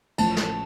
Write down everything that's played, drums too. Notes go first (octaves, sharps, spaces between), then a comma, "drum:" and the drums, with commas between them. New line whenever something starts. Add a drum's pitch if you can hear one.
A1 A2 F3 A5, drum: cymbal
drum: snare